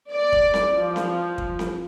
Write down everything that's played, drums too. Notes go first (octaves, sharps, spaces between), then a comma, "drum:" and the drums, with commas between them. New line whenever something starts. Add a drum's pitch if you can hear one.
D5
drum: kick
drum: snare C4
F3
drum: snare C4
drum: kick
drum: snare C4